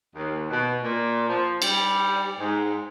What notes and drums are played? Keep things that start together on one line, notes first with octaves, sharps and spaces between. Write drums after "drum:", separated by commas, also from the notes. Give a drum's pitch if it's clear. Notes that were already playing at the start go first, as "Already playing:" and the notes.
D#2
B2
A#2
F3
G3, drum: cymbal
G#2